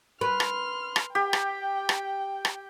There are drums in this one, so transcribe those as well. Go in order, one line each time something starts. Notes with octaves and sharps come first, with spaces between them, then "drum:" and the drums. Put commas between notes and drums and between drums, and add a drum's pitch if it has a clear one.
B4 C6 F6
drum: rim click
drum: rim click
G4 G5
drum: rim click
drum: rim click
drum: rim click